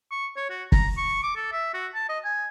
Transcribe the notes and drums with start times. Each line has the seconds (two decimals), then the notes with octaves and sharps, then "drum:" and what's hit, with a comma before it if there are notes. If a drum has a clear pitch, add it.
0.11 C#6
0.37 C#5
0.50 F#4
0.72 A#5, drum: kick
0.97 C#6
1.23 D6
1.36 A4
1.52 E5
1.74 F#4
1.94 A5
2.09 D#5
2.25 G#5